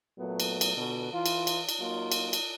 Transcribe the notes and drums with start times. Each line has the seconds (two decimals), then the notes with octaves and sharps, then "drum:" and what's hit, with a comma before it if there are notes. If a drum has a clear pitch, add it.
0.18 A#2 F#3 A3 B3
0.40 drum: cymbal
0.61 drum: cymbal
0.77 B2 D3
1.12 E3 F4
1.26 drum: cymbal
1.47 drum: cymbal
1.69 drum: cymbal
1.79 F#3 A#3 D#4 F4
2.12 drum: cymbal
2.33 drum: cymbal